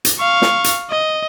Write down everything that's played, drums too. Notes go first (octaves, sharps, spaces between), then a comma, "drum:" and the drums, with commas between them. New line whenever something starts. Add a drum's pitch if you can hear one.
drum: hi-hat
F5 C#6
drum: snare
drum: hi-hat
D#5